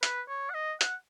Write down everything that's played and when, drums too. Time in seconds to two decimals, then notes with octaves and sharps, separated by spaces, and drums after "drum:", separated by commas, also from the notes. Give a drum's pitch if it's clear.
0.03 B4, drum: hi-hat
0.28 C#5
0.50 F#5
0.54 D#5
0.81 F#5, drum: hi-hat